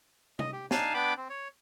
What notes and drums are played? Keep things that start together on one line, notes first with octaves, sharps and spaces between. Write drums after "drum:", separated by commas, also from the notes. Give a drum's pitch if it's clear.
D#5, drum: tom C3
G4
D4 D#4 F5 G#5 A5, drum: snare
B3 D4 G5 B5 D6
C4
C#5